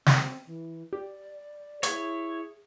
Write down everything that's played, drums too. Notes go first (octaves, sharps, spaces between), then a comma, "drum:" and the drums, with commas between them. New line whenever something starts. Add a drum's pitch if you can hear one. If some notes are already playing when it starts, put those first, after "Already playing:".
C4, drum: snare
E3
G4 D5
E4 G#4 C#5, drum: hi-hat